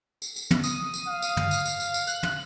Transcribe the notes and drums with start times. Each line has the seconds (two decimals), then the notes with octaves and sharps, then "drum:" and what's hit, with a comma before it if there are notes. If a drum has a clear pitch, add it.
0.22 drum: tambourine
0.36 drum: tambourine
0.51 drum: tom
0.64 D#6, drum: tambourine
0.94 drum: tambourine
1.08 F5
1.22 drum: tambourine
1.37 drum: tom
1.51 drum: tambourine
1.65 drum: tambourine
1.80 drum: tambourine
1.94 drum: tambourine
2.07 F#6, drum: tambourine
2.23 drum: tom